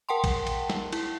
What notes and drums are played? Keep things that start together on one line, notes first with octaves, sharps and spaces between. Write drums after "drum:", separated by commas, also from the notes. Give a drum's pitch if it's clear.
A#4 F#5 G5 A5 C6
drum: kick, cymbal
drum: cymbal
drum: snare
E4, drum: cymbal